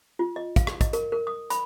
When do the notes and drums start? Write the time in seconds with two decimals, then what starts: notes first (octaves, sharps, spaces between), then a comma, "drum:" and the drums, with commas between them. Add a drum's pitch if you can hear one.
0.19 F4
0.36 D#5
0.56 F5, drum: kick, hi-hat
0.67 drum: rim click
0.81 D#5, drum: kick, hi-hat
0.93 A#4, drum: hi-hat
1.12 A#4
1.27 D#6
1.50 B5, drum: hi-hat